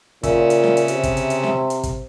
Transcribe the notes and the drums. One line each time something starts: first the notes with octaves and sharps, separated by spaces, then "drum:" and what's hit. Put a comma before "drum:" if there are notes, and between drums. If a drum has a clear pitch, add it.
A#2 C#3 E5, drum: kick, hi-hat
drum: hi-hat
drum: snare
drum: hi-hat
C3, drum: hi-hat
drum: kick, hi-hat
drum: hi-hat
drum: hi-hat
drum: snare
drum: hi-hat
drum: kick, hi-hat